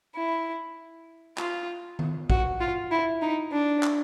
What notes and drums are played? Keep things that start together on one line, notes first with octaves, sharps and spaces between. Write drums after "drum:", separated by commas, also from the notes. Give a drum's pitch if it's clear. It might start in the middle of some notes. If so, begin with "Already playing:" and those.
E4
F4, drum: clap
drum: tom D#3
F#4, drum: kick
F4
E4
D#4
D4
drum: clap